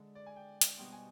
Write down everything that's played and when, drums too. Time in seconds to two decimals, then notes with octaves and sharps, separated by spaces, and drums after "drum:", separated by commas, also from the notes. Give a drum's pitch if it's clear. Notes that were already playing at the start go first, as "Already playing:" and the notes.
Already playing: D3 G#3 D4
0.15 D5
0.26 G#5
0.36 G5
0.61 drum: hi-hat
0.78 B2 G3 C4 D#4 G5
0.93 G#5